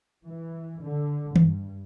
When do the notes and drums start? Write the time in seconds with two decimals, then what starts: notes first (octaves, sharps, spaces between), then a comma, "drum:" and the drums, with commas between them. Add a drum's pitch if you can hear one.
0.25 E3
0.83 D3
1.36 G2, drum: tom D#3